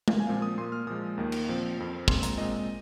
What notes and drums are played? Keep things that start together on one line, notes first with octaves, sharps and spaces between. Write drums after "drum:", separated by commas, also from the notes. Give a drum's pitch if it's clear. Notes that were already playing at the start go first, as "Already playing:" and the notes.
drum: tom G#3
G#5
A#2 F3 C4 F5
D#6
A#2 A#3 C6
F6
A#2 F3 G#3 D#6
D#2 D#3 A#3
drum: cymbal
A#2 F3 C4
F2 F3 C4
A#2 G#3 C4 C6, drum: kick
A#5, drum: hi-hat
A#2 G#3 C4 D#5